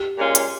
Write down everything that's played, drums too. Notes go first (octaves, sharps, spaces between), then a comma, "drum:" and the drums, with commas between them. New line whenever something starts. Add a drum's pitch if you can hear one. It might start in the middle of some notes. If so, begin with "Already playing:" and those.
Already playing: G4
A#2 G#3 C#4 F4
drum: hi-hat